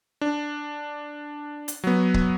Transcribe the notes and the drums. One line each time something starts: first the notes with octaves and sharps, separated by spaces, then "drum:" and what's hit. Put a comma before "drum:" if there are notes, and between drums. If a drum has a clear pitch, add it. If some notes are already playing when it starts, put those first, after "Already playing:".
D4
drum: hi-hat
F#3 B3
drum: kick C#1